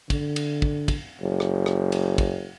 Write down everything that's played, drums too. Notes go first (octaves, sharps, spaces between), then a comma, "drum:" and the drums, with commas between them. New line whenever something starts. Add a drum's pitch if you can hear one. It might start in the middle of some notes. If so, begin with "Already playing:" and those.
D3, drum: kick, cymbal
drum: cymbal
drum: kick
drum: kick, cymbal
F#1
drum: rim click
drum: rim click
drum: cymbal
drum: kick, cymbal